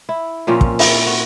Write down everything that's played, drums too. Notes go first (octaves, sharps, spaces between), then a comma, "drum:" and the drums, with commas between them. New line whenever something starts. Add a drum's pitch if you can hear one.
E4
A#2 F3 C4 C#4
drum: kick
E4, drum: open hi-hat
F#4